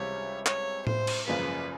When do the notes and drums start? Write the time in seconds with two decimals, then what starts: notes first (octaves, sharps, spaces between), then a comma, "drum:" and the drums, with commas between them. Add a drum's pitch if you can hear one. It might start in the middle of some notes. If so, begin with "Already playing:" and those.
Already playing: C#2 C3 E3 G3 C4 C#5
0.46 C#5, drum: clap
0.87 C5, drum: tom A2
1.07 drum: cymbal
1.27 G#1 F#2 C#3 F3 A#3 B4